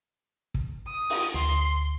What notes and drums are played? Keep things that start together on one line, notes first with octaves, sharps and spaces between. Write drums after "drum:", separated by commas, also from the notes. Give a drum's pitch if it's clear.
drum: kick
D#6
drum: open hi-hat
D2 C6